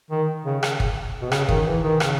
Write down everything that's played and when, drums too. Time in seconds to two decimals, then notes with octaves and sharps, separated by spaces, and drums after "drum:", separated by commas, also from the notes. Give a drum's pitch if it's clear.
0.11 D#3
0.45 C#3
0.63 drum: rim click
0.80 drum: kick
1.22 B2
1.32 C#3, drum: rim click
1.49 D#3, drum: kick
1.66 E3
1.83 D#3
2.00 C#3, drum: rim click